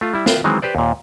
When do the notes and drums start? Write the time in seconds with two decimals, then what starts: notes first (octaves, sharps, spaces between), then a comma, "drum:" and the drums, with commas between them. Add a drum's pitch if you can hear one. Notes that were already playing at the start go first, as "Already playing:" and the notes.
0.01 A3 F4
0.14 G3 E4
0.26 F4 B4 E5 G5, drum: snare
0.44 D#3 E3 F#3 G#3 C4
0.62 G4 B4 C5 D5
0.75 D#2 A#2